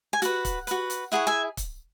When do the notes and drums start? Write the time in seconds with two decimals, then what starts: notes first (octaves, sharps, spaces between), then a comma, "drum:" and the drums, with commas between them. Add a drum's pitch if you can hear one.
0.13 G#5
0.22 F#4 B4 F#5, drum: hi-hat
0.45 drum: kick, hi-hat
0.67 F#4 B4, drum: hi-hat
0.90 drum: hi-hat
1.12 E4 G#4 C#5 F#5
1.27 E5 G#5
1.57 drum: kick, hi-hat